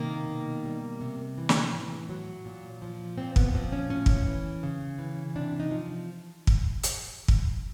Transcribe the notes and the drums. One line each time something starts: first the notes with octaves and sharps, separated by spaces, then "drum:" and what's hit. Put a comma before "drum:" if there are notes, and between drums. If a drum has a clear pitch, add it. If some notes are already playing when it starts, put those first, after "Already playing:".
Already playing: C3 D#3 A#3
B2
G3
C3
E3
drum: snare
A2
F#3
A#2
F3
A#2 C4
B3, drum: kick
F3 C4
C#4
A2 C#4
drum: kick
E3
C#3
E3
C3 D4
D#4
F3
drum: kick
drum: hi-hat
drum: kick